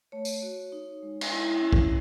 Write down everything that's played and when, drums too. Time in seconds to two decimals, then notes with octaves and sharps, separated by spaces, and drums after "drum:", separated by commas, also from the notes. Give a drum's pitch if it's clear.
0.12 A3 C#5
0.25 drum: tambourine
0.42 F#4
0.72 D#4
1.03 G#3
1.21 drum: cymbal
1.32 E4
1.61 C#4
1.73 drum: kick A#1